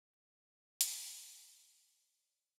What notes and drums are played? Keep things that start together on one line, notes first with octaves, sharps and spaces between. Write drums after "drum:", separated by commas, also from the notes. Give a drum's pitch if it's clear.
G4
A2
C#3, drum: hi-hat
F4
C3
C#5
D5